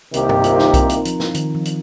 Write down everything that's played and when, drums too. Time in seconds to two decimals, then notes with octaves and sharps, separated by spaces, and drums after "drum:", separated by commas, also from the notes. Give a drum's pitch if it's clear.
0.14 C2 C3 D#3 A#3 G4, drum: hi-hat
0.29 A#4, drum: tom G2
0.44 F4, drum: hi-hat
0.59 D#4, drum: snare
0.74 C4, drum: kick B1, hi-hat
0.89 drum: hi-hat
1.05 F3, drum: hi-hat
1.20 drum: snare
1.34 D#3, drum: hi-hat
1.55 F3
1.65 drum: hi-hat